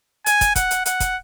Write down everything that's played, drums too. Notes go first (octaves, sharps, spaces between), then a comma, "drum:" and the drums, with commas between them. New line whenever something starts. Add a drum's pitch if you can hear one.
G#5, drum: hi-hat
drum: kick, hi-hat
F#5, drum: kick, hi-hat
drum: hi-hat
F#5, drum: hi-hat
drum: kick, hi-hat